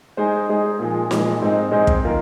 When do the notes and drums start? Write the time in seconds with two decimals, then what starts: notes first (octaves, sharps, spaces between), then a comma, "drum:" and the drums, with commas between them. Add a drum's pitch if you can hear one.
0.17 G#3 D#4 G#4 C5
0.49 G#3 D#4 G#4 C5
0.79 A#2 F3 G#3
1.11 A#2 F3 G#3, drum: snare
1.41 G#2 G#3 C4 D#4 C5
1.71 G#2 G#3 C4 D#4 C5
1.87 drum: kick
2.04 D#3 A#3 F4 A#4